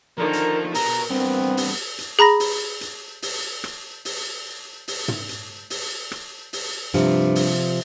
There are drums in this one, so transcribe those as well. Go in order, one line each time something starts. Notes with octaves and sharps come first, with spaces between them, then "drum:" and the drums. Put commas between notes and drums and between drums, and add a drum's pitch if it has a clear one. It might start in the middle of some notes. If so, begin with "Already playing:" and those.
D3 D#3 F3 A#4
drum: hi-hat
B2 A#4 A#5, drum: open hi-hat
G2 E3 B3 C4
drum: open hi-hat
drum: hi-hat
G#4 A#5 B5 A#6
drum: open hi-hat
drum: hi-hat
drum: open hi-hat
drum: rim click
drum: open hi-hat
drum: open hi-hat
drum: tom
drum: hi-hat
drum: open hi-hat
drum: rim click
drum: open hi-hat
G2 C3 F3, drum: hi-hat
drum: open hi-hat